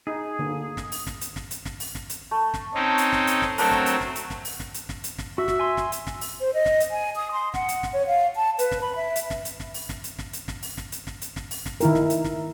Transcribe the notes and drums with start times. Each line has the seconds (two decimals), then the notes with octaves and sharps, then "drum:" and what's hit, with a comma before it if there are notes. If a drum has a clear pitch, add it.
0.07 D#4 G#4
0.39 D3 A#3
0.77 drum: snare
0.92 drum: open hi-hat
1.07 drum: snare
1.21 drum: hi-hat
1.36 drum: snare
1.51 drum: hi-hat
1.65 drum: snare
1.80 drum: open hi-hat
1.95 drum: snare
2.10 drum: hi-hat
2.31 A3
2.54 drum: snare
2.74 C4 C#4 D#4
2.98 drum: hi-hat
3.12 drum: snare
3.27 drum: hi-hat
3.42 drum: snare
3.58 F#3 A3 C4 D4 A#4, drum: open hi-hat
3.71 drum: snare
3.86 drum: hi-hat
4.01 drum: snare
4.15 drum: hi-hat
4.30 drum: snare
4.45 drum: open hi-hat
4.60 drum: snare
4.74 drum: hi-hat
4.89 drum: snare
5.04 drum: hi-hat
5.18 drum: snare
5.38 F#4 E5
5.48 drum: snare
5.59 G#5 C6
5.77 drum: snare
5.92 drum: hi-hat
6.07 drum: snare
6.21 drum: open hi-hat
6.40 C5
6.54 D#5
6.66 drum: snare
6.80 drum: hi-hat
6.91 G#5
7.16 D#6
7.32 C6
7.54 F#5, drum: snare
7.68 drum: hi-hat
7.83 drum: snare
7.93 C#5
8.07 F5
8.36 A5
8.59 B4, drum: hi-hat
8.71 drum: snare
8.81 B5
8.96 E5
9.16 drum: hi-hat
9.30 drum: snare
9.45 drum: hi-hat
9.60 drum: snare
9.74 drum: open hi-hat
9.89 drum: snare
10.04 drum: hi-hat
10.19 drum: snare
10.33 drum: hi-hat
10.48 drum: snare
10.63 drum: open hi-hat
10.77 drum: snare
10.92 drum: hi-hat
11.07 drum: snare
11.22 drum: hi-hat
11.36 drum: snare
11.51 drum: open hi-hat
11.66 drum: snare
11.81 D#3 E4 A#4, drum: hi-hat
11.95 drum: snare
12.10 drum: hi-hat
12.24 drum: snare